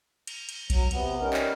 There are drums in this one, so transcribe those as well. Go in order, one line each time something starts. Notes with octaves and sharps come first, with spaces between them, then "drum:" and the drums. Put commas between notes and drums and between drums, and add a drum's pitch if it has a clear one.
drum: cymbal
drum: cymbal
F#3, drum: kick A#1, cymbal
C3 B3, drum: cymbal
G3 C#4 D#4 A#4
drum: clap